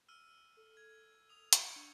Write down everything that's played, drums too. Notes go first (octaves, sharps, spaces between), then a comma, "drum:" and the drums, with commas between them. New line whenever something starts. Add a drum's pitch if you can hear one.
E6 F6 D#7
A4
G#6
D#6 F7
C#6 G6 C#7 D7, drum: hi-hat
D4